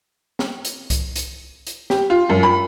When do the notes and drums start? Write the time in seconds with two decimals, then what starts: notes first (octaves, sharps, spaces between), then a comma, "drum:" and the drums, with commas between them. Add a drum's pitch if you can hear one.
0.39 drum: snare
0.65 drum: hi-hat
0.90 drum: kick C2, hi-hat
1.16 drum: hi-hat
1.67 drum: hi-hat
1.90 G4, drum: snare
2.10 F4
2.29 F#2
2.43 B5